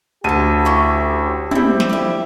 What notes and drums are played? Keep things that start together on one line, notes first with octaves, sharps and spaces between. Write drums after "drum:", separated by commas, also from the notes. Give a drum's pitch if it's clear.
D2 C#4 G4 A4 A5 D#7
A3 C#4 E4
G3 C4 E4, drum: tom
drum: snare
D3 F3 G3 G4 E5